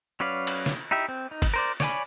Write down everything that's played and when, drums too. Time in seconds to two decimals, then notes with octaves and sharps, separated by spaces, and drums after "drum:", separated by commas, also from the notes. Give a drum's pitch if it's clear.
0.20 F#3 C#4 B4 D5 F5
0.47 drum: cymbal
0.66 drum: snare
0.91 D#4 E4 G4 E5
1.09 C4
1.31 D#4
1.42 drum: kick G1, cymbal
1.54 A#4 C5 D5
1.80 C#5 D5 G5 G#5 B5, drum: snare